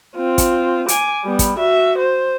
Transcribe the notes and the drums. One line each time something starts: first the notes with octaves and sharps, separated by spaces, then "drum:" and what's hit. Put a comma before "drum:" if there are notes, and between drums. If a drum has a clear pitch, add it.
C4 F4
drum: kick, hi-hat
G#5 D6, drum: hi-hat
G3 B3
drum: kick, hi-hat
F#4 E5
C5